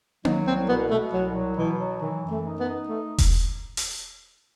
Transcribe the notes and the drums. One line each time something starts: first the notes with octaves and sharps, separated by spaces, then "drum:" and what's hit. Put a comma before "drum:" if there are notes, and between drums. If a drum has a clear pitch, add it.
F#3 D#4, drum: tom A#3
C2 C4
B2 B3
B2 A3
C2 F#3
F#3
B2 E3
F#3
D#3 E3
F#2
A3
D#4
B3
D#4
A3
drum: kick E1, open hi-hat
drum: open hi-hat